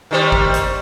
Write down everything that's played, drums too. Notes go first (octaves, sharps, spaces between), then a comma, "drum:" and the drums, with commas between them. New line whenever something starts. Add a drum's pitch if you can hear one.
D#3 G3 C5
drum: kick G#1
drum: hi-hat